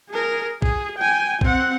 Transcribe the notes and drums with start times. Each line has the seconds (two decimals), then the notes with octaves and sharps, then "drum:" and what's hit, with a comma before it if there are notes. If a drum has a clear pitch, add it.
0.10 G#4 A#4
0.62 G#4, drum: kick
0.98 G5 G#5
1.41 C4 F#5, drum: kick